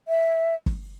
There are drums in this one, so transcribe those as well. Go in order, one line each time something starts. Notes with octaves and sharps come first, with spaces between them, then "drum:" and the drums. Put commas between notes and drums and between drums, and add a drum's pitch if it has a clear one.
E5
drum: kick